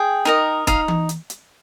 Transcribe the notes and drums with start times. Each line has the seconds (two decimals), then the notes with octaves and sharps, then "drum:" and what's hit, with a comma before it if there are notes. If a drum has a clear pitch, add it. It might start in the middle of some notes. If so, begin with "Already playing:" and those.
Already playing: G#4 G5
0.25 D#4 A#4 D#5
0.67 D#4 F5, drum: kick, hi-hat
0.88 drum: tom E3
1.09 drum: hi-hat
1.30 drum: hi-hat